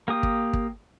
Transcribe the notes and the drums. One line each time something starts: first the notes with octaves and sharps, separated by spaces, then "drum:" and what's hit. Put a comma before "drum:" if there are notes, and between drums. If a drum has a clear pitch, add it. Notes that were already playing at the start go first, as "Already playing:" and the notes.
A#3 G4 D#6
drum: kick
drum: kick